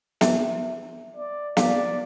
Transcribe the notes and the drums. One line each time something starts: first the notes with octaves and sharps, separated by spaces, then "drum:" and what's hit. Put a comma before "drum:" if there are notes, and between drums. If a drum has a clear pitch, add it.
E5, drum: snare
D5
D5 F5, drum: snare